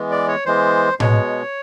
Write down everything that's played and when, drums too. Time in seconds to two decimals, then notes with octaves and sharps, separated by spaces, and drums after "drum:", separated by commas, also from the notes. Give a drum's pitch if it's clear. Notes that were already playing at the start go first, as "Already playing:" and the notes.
Already playing: E3 G#3 B3
0.11 D5
0.28 C#5
0.46 E3 G#3 B3 C5
1.00 B2 G#3 B3 C#5, drum: tom A2